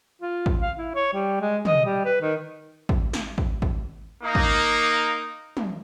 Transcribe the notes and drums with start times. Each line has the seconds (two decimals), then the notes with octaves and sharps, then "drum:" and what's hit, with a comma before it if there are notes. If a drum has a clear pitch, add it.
0.22 F4
0.46 drum: kick
0.62 F5
0.78 E4
0.95 C#5
1.13 G3
1.41 G#3
1.65 D#5, drum: tom
1.85 G3
2.05 B4
2.21 D#3
2.89 drum: kick
3.13 drum: snare
3.38 drum: kick
3.62 drum: kick
4.23 A#3 D#4
4.35 drum: kick
5.57 drum: tom